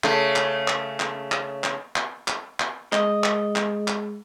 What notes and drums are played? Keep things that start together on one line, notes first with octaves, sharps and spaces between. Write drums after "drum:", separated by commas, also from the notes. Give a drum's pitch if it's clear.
C#3 A3, drum: clap
drum: clap
drum: clap
drum: clap
drum: clap
drum: clap
drum: clap
drum: clap
drum: clap
G#3 D#5, drum: clap
drum: clap
drum: clap
drum: clap